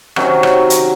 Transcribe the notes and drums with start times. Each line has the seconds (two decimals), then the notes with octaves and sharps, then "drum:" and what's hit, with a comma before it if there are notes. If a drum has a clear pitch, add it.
0.16 C3 D#3 F#3 C#4, drum: rim click
0.43 drum: rim click
0.70 drum: hi-hat